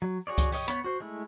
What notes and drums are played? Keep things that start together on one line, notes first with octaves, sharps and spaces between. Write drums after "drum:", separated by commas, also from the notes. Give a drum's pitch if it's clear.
F#3
F#4 G#4 C#5 D5
drum: kick C#2, hi-hat
G4 C#5 D#5, drum: open hi-hat
B3 C#5 B5, drum: hi-hat
F#4 C5
G#3 A3 E4